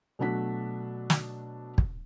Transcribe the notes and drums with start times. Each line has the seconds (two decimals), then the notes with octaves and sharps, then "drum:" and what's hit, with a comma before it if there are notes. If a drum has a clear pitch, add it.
0.19 B2 F#3 A3 D4 F#5 B6
1.10 drum: snare
1.78 drum: kick